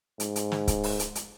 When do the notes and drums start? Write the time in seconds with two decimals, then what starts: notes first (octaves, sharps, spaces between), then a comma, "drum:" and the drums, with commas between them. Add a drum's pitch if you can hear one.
0.20 G#2, drum: hi-hat
0.36 drum: hi-hat
0.52 drum: snare
0.68 drum: kick C#1, hi-hat
0.84 drum: open hi-hat
0.99 drum: hi-hat
1.15 drum: hi-hat